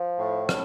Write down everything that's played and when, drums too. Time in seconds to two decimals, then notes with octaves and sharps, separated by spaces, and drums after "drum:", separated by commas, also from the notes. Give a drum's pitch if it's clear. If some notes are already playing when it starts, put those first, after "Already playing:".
Already playing: F3
0.19 A2
0.49 drum: rim click